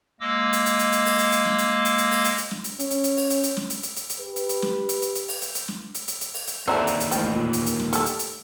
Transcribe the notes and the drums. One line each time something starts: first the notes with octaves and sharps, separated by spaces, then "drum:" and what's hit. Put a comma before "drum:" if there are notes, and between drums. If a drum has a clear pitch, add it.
G#3 A#3 D#5 D6 E6
drum: hi-hat
drum: hi-hat
drum: hi-hat
drum: hi-hat
drum: open hi-hat
drum: hi-hat
drum: hi-hat
drum: snare
drum: hi-hat
drum: hi-hat
drum: hi-hat
drum: open hi-hat
drum: hi-hat
drum: hi-hat
drum: snare
drum: hi-hat
C#4, drum: hi-hat
drum: hi-hat
drum: hi-hat
drum: open hi-hat
drum: hi-hat
drum: hi-hat
drum: snare
drum: hi-hat
drum: hi-hat
drum: hi-hat
drum: hi-hat
G4 B4
drum: hi-hat
drum: hi-hat
drum: snare
drum: hi-hat
drum: hi-hat
drum: hi-hat
drum: open hi-hat
drum: hi-hat
drum: hi-hat
drum: snare
drum: hi-hat
drum: hi-hat
drum: hi-hat
drum: open hi-hat
drum: hi-hat
D#2 E3 C4 F#4 A4 D5 E5 A#5
drum: hi-hat
drum: hi-hat
A1 F3 G5, drum: hi-hat
A#2
drum: hi-hat
drum: hi-hat
drum: snare
G3 A3 A4, drum: hi-hat
drum: hi-hat
drum: hi-hat